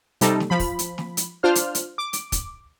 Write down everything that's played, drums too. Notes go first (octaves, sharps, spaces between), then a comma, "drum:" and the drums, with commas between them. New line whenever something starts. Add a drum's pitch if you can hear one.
C3 G3 D#4 A4, drum: hi-hat
drum: snare
F3 B5
drum: kick, open hi-hat
drum: hi-hat
drum: snare
drum: hi-hat
D4 F4 C5 F6
drum: hi-hat
drum: hi-hat
D6
drum: hi-hat
drum: kick, hi-hat